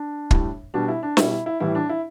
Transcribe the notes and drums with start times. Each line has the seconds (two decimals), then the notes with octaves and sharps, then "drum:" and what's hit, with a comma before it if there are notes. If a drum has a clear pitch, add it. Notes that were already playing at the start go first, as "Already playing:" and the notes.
Already playing: D4
0.31 A2 G3, drum: kick
0.74 B2 G3 D4
0.88 E4
1.03 D4
1.17 B2 G3 E4, drum: snare
1.31 E4
1.46 E4
1.60 A2 E3 G3 E4
1.75 D4
1.89 E4